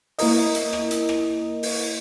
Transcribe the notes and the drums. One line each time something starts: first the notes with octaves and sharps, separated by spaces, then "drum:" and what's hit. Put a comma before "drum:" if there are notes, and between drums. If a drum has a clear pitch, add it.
A#3 E4 A#4 D#5, drum: open hi-hat
drum: hi-hat
drum: rim click
drum: hi-hat
drum: rim click
drum: open hi-hat